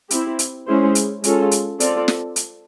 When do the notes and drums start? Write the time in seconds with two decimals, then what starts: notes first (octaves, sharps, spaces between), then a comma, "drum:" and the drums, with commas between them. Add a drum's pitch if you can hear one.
0.11 C4 E4 G4, drum: hi-hat
0.39 drum: hi-hat
0.67 G#3 C#4 E4 G#4 C5
0.95 drum: hi-hat
1.24 G#3 C#4 F4 A4, drum: hi-hat
1.51 drum: hi-hat
1.80 C4 F4 A4 D5, drum: hi-hat
2.08 drum: snare
2.36 drum: hi-hat